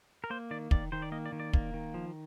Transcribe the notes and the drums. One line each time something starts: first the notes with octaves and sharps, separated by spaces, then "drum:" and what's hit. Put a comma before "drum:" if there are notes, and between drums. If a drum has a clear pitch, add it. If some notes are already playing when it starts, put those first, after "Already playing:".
A#4
A#3 C5
D#3 D5
D#3 D5, drum: kick
D#3 C5
D5
A#3 D#5
D5
D#3
D5
A#3, drum: kick
D#3
F3